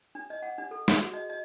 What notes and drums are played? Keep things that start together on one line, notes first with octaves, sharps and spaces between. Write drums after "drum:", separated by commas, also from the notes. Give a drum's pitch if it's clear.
D4
D#5
F#5
D4
A4
G#4, drum: snare
F#4
D#5
D#5